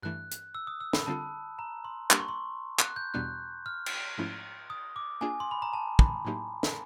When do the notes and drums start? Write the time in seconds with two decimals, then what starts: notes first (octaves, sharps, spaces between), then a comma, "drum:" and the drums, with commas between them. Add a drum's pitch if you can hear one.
0.02 G2 E3 A3 F#6
0.31 drum: hi-hat
0.55 E6
0.67 D#6
0.81 E6
0.93 B5, drum: snare
1.06 D3 G3 C4 F4 A4 A5
1.59 A#5
1.85 C6
2.11 G3 A#3 D4 G4 A#4 C6, drum: clap
2.20 C#6
2.28 C6
2.79 F#6, drum: clap
2.96 G6
3.14 E2 B2 G3 B3 D4 F#6
3.66 F6
3.86 drum: cymbal
4.17 G#2 F3 A3 C#4 E4
4.70 D#6
4.96 D6
5.21 A#3 D4 F4 G#4 G#5
5.40 C6
5.51 B5
5.62 A#5
5.73 A5
5.99 B5, drum: kick
6.25 A2 F#3 A#3 D#4 G4
6.63 drum: snare